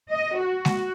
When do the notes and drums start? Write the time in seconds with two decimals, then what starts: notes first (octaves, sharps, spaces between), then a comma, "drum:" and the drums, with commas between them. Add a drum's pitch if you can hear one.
0.10 D#5
0.43 F#4
0.65 drum: snare G#3